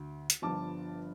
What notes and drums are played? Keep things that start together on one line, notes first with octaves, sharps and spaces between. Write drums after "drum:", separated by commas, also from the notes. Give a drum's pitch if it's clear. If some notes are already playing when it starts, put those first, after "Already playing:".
Already playing: D2
drum: hi-hat
G1 G2 F3 A5 D6